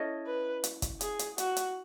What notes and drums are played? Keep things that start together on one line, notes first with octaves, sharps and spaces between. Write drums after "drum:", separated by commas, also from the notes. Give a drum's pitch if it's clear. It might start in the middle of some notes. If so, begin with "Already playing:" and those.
Already playing: C#4 E4 A4 D#5
B4
drum: hi-hat
drum: kick, hi-hat
G#4, drum: hi-hat
drum: hi-hat
F#4, drum: hi-hat
drum: hi-hat